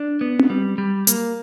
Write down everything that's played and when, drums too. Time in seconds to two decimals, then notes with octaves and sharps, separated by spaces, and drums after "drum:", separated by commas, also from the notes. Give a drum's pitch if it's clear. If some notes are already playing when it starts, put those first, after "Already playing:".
Already playing: D4
0.21 B3
0.39 drum: tom C4
0.50 G3
0.78 G3
1.07 A#3, drum: hi-hat